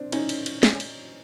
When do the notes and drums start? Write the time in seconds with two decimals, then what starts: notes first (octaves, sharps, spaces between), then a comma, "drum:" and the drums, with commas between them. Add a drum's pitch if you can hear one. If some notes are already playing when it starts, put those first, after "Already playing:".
Already playing: C4 D4
0.12 C#4 D#4, drum: cymbal
0.29 drum: cymbal
0.46 drum: cymbal
0.63 drum: snare
0.80 drum: cymbal